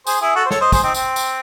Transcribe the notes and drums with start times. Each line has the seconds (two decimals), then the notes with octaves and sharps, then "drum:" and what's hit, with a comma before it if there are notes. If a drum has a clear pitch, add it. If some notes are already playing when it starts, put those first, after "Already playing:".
0.07 G#4 C5, drum: tambourine
0.21 E4 G#4
0.35 F#4 A4
0.45 C5
0.51 A4 C#5, drum: snare
0.61 C5 D#5
0.72 G#4 C5, drum: kick, tambourine
0.83 C4 D#4
0.95 C4, drum: tambourine
1.16 drum: tambourine